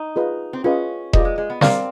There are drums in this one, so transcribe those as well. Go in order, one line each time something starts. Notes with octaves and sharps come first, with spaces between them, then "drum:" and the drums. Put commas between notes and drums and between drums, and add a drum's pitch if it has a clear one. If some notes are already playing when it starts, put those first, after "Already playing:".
Already playing: D#4
F4 G#4 B4 D#5
C4
C#4 F4 G#4 B4 D#5
G3 F4 G#4 B4 D#5, drum: kick E1
G#3
G#3
B3
C4 A#4 D5 F5 A#5, drum: snare